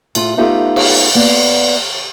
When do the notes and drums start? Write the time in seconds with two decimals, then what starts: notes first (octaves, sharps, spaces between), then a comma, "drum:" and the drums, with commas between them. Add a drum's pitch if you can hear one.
0.15 A2 F4, drum: cymbal
0.37 A3 B3 D#4 F4 G4 A4
0.76 drum: cymbal
1.15 A#3 B3 D5